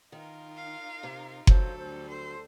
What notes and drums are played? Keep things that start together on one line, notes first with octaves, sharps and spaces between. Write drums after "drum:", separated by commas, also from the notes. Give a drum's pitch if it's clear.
D#3 D#4 F4 A#4
F5
C3
D3 F#3 A4 C5, drum: kick F#1
D2 G3 C5
A4 C5